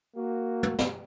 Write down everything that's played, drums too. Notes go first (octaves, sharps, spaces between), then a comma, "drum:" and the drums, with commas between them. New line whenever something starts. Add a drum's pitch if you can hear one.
A#3 F#4
drum: tom
drum: snare